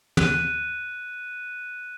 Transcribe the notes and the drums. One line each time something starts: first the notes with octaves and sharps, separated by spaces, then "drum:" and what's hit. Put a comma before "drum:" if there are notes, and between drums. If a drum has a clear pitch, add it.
F#6 D#7, drum: tom